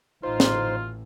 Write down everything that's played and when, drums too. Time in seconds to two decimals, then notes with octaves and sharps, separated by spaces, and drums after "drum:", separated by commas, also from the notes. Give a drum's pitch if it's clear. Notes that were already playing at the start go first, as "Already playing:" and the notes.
0.23 A1 A2 D#4 F4 C5
0.40 drum: snare